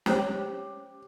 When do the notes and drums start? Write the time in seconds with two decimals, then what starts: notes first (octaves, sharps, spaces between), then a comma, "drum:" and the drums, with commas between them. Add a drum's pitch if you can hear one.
0.06 C#4 G4 C5 C#5, drum: snare